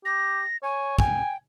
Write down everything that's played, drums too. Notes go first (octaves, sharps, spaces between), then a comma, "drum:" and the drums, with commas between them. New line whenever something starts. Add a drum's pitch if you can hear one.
G4 A#6
C#5 G#5
G5 G#5, drum: kick